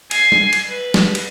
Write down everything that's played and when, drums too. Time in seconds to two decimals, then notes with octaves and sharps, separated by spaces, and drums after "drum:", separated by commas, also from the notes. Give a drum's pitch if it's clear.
0.11 G#5 C7, drum: cymbal
0.32 drum: tom G3
0.53 drum: cymbal
0.69 B4
0.94 drum: snare
1.15 drum: cymbal